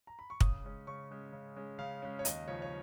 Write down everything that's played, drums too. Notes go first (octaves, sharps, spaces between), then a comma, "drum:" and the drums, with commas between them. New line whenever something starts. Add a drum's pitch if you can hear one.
A#5
B5
C#6
C#3 D#6, drum: kick
G#3 C#4
C#3 C#6
G#3 C#4
C#3
G#3 C#4
C#3 F5
G#3 C#4
C#5
D#2 D#5, drum: hi-hat
C#3 F3 C#5
C#5